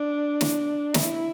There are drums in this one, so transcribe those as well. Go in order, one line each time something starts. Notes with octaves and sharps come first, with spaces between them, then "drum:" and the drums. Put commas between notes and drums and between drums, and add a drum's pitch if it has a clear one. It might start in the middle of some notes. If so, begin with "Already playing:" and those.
Already playing: D4
drum: snare
E4, drum: snare